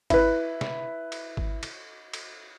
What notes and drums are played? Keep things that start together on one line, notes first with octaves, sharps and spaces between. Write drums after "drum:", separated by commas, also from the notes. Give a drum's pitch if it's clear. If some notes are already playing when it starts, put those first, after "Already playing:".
E4 B4, drum: kick G#1, cymbal
drum: snare
drum: cymbal
drum: kick G#1
drum: cymbal
drum: cymbal